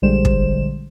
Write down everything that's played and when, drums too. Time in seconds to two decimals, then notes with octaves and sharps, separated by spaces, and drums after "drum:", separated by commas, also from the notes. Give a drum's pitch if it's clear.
0.02 A#1 D3 G3 G#3 C5 E7
0.25 drum: kick